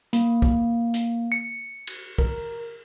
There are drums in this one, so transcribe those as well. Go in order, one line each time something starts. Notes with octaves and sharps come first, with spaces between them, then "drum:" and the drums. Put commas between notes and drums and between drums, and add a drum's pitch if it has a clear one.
A#3, drum: hi-hat
drum: kick
drum: hi-hat
C#7
drum: cymbal
A#4, drum: kick